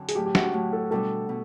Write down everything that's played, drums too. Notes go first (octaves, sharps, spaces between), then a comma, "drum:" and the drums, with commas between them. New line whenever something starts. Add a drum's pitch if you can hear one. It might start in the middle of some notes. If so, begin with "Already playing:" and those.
Already playing: F#2 D3 C4
G#4, drum: hi-hat
A2 F#3 A3 G4
G4
F#4, drum: snare
A2 F#3 A3
A4
B2 G3 B3 D4 A4
B2